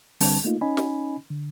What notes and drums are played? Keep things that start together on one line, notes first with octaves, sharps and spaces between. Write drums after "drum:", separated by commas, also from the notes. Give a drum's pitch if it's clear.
C2 D3 G3 C4 D4 A5, drum: open hi-hat
A3 A#3 D#4 F4
C#4 D#4 D#5 G#5 B5
drum: snare
D3